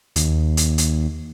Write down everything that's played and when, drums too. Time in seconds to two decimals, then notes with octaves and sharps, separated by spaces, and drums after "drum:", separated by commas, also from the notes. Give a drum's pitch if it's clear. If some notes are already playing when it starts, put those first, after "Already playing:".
0.16 D#2, drum: hi-hat
0.57 drum: hi-hat
0.78 drum: hi-hat